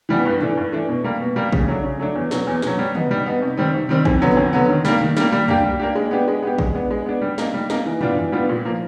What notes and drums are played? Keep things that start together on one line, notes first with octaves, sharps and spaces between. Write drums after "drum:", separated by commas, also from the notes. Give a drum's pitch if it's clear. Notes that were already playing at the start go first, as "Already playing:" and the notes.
E3 G3 B3
G2
E3 A3 D4, drum: tom
G2
E3 A3 D4
B2
G3 A#3
B2
G3 A#3
C#3, drum: kick A1
F#3 A3 D4
C#3
F#3 A3 D4
E2
B2 F#3, drum: snare
E2
B2 F#3, drum: snare
G3
B3 D#4, drum: tom
G3
B3 D#4
C3
D#3 G3 C4
C3
D#3 G3 C4
F2, drum: kick A1
D3 F#3 B3
F2
D3 F#3 B3
D#3
G3 A#3, drum: snare
D#3
G3 A#3, drum: snare
G3
A#3 D4 G4, drum: tom
G3
A#3 D4 G4
G#3
B3 D4 G4
G#3
B3 D4 G4
G#3, drum: kick A1
B3 D4
G#3
B3 D4
G3
A#3 D#4, drum: snare
G3
A#3 D#4, drum: snare
E3
G3 B3 D4 F4, drum: tom
E3
G3 B3 D4 F4
A#2
F3 A#3